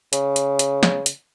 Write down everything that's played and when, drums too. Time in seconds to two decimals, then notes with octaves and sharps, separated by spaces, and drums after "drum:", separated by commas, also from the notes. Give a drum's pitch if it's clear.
0.13 C#3, drum: hi-hat
0.36 drum: hi-hat
0.59 drum: hi-hat
0.83 drum: snare
1.06 drum: hi-hat